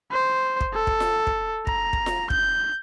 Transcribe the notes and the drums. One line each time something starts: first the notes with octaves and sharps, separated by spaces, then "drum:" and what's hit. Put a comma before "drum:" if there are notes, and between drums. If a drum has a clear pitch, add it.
C5
drum: kick
A4
drum: kick
drum: snare F4
drum: kick
A#5, drum: kick
drum: kick
drum: snare F4
G6, drum: kick